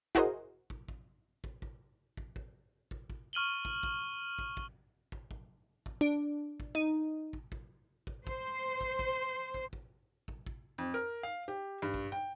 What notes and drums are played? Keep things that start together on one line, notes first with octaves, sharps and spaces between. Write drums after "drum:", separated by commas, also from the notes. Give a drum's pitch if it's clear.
E4 F#4 G#4 A#4 C5 D#5, drum: kick
drum: kick
drum: kick
drum: kick
drum: kick
drum: kick
drum: kick
drum: kick
drum: kick
C#6 F6 D#7 F#7 G7
drum: kick
drum: kick
drum: kick
drum: kick
drum: kick
drum: kick
drum: kick
D4
drum: kick
D#4
drum: kick
drum: kick
drum: kick
C5, drum: kick
drum: kick
drum: kick
drum: kick
drum: kick
drum: kick
drum: kick
F2
A#4
F5
G4
G2
drum: kick
G5